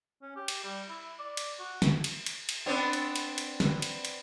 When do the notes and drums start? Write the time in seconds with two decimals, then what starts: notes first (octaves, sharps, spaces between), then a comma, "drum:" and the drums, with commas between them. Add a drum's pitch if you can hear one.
0.22 C#4
0.36 G4
0.48 drum: cymbal
0.64 G3
0.89 E4
1.19 D5
1.37 drum: cymbal
1.60 F#4
1.82 drum: snare
2.04 drum: cymbal
2.26 drum: cymbal
2.49 drum: cymbal
2.66 B3 C4 D4
2.93 drum: cymbal
3.16 drum: cymbal
3.38 drum: cymbal
3.60 drum: snare
3.82 drum: cymbal
4.05 drum: cymbal